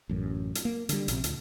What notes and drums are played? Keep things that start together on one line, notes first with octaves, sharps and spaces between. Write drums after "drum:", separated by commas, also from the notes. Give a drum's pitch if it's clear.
A1 F#2
drum: hi-hat
A#3
D3 G3, drum: hi-hat
A#1 C3, drum: hi-hat
D2, drum: hi-hat